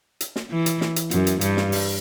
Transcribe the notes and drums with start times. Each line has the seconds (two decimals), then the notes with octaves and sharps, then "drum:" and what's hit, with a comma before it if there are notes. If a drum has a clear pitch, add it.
0.21 drum: hi-hat
0.36 drum: snare
0.50 E3
0.66 drum: hi-hat
0.81 drum: snare
0.96 drum: hi-hat
1.11 F#2, drum: hi-hat
1.27 drum: hi-hat
1.41 G2, drum: hi-hat
1.57 drum: snare
1.72 drum: open hi-hat